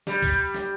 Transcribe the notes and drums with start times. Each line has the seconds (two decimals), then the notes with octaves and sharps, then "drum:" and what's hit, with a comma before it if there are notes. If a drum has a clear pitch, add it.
0.07 G3, drum: snare
0.23 drum: kick C2, open hi-hat
0.54 drum: snare